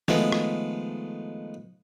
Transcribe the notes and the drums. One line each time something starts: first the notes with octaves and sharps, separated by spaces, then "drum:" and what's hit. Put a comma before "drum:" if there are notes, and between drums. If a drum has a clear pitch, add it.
D#3 F3 G#3 A3 B3, drum: snare
drum: rim click